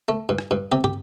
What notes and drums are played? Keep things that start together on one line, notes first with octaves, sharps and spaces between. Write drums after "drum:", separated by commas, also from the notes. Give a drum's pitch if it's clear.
A3
G2
drum: rim click
G2
C3 G4
G4, drum: tom